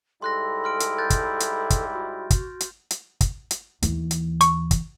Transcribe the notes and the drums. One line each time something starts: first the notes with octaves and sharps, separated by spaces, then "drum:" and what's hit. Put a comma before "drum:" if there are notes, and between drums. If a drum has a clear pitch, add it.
G#2 G3 E4 A4 C6 F#6 A#6
C6 F6 D7
drum: hi-hat
F#6 G6 A6
drum: kick, hi-hat
drum: hi-hat
drum: kick, hi-hat
F#4
drum: kick, hi-hat
drum: hi-hat
drum: hi-hat
drum: kick, hi-hat
drum: hi-hat
D#2 E3, drum: hi-hat
drum: hi-hat
C#6, drum: hi-hat
drum: kick, hi-hat